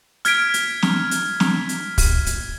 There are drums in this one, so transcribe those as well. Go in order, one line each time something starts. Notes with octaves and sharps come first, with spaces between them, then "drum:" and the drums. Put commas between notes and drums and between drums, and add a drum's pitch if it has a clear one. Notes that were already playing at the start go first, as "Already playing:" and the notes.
F6 G#6 B6 D7, drum: hi-hat
drum: hi-hat
drum: snare
drum: hi-hat
drum: snare
drum: hi-hat
drum: kick, open hi-hat
drum: hi-hat